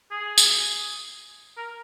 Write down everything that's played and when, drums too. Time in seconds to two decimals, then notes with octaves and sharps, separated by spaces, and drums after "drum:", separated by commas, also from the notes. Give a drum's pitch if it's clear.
0.11 G#4
0.38 drum: tambourine
1.57 A#4